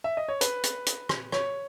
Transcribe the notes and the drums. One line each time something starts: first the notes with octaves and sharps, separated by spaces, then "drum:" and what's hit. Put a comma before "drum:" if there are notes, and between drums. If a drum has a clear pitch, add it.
E5
D#5
C#5
B4, drum: hi-hat
drum: hi-hat
drum: hi-hat
drum: rim click
C#5, drum: rim click